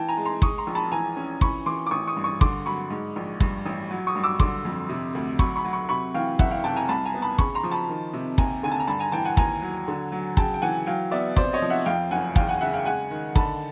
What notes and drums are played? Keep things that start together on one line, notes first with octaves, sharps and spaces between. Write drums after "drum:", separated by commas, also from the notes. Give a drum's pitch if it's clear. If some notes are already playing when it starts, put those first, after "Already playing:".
Already playing: E3 G5 A5
G#5 A#5
G#3
A#5 C6
G#3 C#6 D#6, drum: kick
A#5 C6
A#1
A5 B5
E3 G#5 A#5
C#4
E3 B5 C#6, drum: kick
E3 C6 D6
D6
A1 C#6 D#6
C#6 D#6
G2
C#6 D#6
D3 C6 D6, drum: kick
F#3 B5 C#6
G#2
A#1
G2, drum: kick
A1
F#3
C#6 D#6
G2
D6 E6
D3 C6 D6, drum: kick
F2
C3
D2
F#3 B5 C#6, drum: kick
B5 C#6
F#3
B5 C#6
C3 B5 C#6
E3 F5 G5
F#1 E5 F#5, drum: kick
F5 G5
C3 G5 A5
G#5 A#5
C2 A5 B5
G#5 A#5
B3
A5 B5
C#3 B5 C#6, drum: kick
A#5 C6
F3
A5 B5
D#3
C3
D#2 G#5 A#5, drum: kick
D3 G#5
A5
A#5
G2 A5 B5
G#5 A#5
E3 G5 A5
F#5 G#5
D#2 G#5 A#5, drum: kick
F#3
D3
F#3
C#3 G5 A5, drum: kick
G5
E3 F#5 G#5
F#3 F5 G5
B3 D5 E5
C3 C5 D5, drum: kick
C#5 D#5
F3
E5 F#5
F2 F5 G5
F#1 F#5 G#5
E2 F5 G5, drum: kick
F#5 G#5
C#3 E5 F#5
F5 G5
G#3 F#5 G#5
D#3
D3 A5 B5, drum: kick